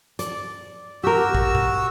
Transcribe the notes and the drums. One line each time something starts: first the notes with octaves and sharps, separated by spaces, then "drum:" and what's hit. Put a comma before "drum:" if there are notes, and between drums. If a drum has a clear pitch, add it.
D5, drum: hi-hat
F#4 G4 A#4 E6
drum: kick
drum: tom A#2